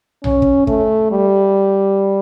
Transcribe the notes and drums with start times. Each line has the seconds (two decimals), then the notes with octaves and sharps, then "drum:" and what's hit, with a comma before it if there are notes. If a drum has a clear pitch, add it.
0.24 C#4, drum: tom B1
0.42 drum: kick
0.67 A3, drum: kick
1.11 G3